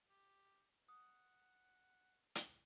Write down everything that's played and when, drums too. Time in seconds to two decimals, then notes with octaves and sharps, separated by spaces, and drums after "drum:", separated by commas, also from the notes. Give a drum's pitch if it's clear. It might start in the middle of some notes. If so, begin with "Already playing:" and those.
0.09 G4
0.88 F#5 D#6
2.35 drum: hi-hat